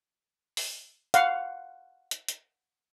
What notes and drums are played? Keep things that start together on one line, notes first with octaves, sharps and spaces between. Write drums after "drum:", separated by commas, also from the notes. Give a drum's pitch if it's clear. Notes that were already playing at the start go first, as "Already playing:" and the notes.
drum: open hi-hat
F5 F#5, drum: hi-hat
drum: hi-hat
drum: hi-hat